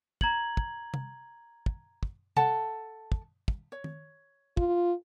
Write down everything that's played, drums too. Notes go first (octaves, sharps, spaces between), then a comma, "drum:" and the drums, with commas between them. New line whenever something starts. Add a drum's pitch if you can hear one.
A#5 G#6 F#7, drum: kick
drum: kick
drum: tom C3
drum: kick
drum: kick
A4 F#5 A5, drum: tom C3
drum: kick
drum: kick
C#5
drum: tom D#3
F4, drum: kick